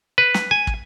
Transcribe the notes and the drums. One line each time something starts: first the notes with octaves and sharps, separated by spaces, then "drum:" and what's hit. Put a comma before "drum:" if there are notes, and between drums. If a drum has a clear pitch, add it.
B4
drum: snare
G#5
drum: kick